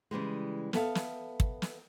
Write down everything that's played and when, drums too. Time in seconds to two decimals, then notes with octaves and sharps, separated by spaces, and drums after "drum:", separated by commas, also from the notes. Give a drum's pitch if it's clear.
0.11 C#3 E3 G3 G#3
0.73 B3 A4 E5 F5, drum: snare
0.95 drum: snare
1.40 drum: kick
1.62 drum: snare